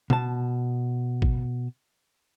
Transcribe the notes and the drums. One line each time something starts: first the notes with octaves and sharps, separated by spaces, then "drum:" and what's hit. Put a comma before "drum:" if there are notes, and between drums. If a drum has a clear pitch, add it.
B2 A5, drum: tom B2
drum: kick